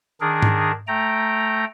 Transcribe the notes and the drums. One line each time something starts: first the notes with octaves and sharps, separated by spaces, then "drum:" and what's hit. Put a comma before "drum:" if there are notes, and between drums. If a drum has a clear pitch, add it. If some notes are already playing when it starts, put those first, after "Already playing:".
D#3 D4 G#4 A#4
drum: tom G#2
A3 G5 A#5